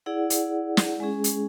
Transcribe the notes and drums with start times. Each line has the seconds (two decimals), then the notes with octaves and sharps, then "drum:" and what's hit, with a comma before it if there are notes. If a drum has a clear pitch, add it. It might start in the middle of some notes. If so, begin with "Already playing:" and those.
0.06 E4 G#4 D5 F#5
0.30 drum: hi-hat
0.77 drum: snare
1.00 G#3 C#4 G#4
1.24 drum: hi-hat